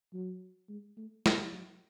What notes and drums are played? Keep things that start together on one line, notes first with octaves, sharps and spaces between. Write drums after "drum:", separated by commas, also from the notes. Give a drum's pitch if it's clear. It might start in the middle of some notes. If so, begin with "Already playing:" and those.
F#3
G#3
A3
G#3, drum: snare
F#3